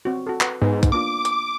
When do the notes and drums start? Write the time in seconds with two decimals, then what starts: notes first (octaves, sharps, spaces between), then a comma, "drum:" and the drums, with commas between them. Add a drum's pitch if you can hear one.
0.05 C4 F#4
0.27 F#4 A4
0.41 B4 F#5, drum: clap
0.62 G#2 B3 D#4 B4
0.83 drum: kick, hi-hat
0.92 A#3 D4 F4 D6
1.25 drum: hi-hat